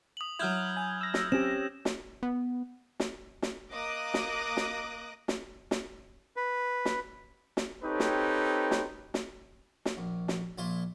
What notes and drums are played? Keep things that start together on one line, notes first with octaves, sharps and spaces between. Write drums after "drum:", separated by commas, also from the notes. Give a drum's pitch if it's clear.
D#6 F#7
F#3 E4 F6 G6 G#6
G#5
E6 A#6
drum: snare
C4 C#4 G4 E7
drum: snare
B3
drum: snare
drum: snare
A#3 D#5 D6 D#6 F#6 A#6
drum: snare
drum: snare
drum: snare
drum: snare
B4
drum: snare
drum: snare
C4 D#4 G4 A4 B4 C#5
drum: snare
drum: snare
drum: snare
drum: snare
A#1
drum: snare
A#1 A#2 E4 A5 C6